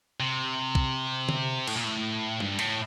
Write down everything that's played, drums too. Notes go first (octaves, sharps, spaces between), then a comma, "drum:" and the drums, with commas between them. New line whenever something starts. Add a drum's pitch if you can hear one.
C3
drum: kick
drum: tom D3
A2, drum: cymbal
A#2
A2
G2, drum: tom G3
A2, drum: cymbal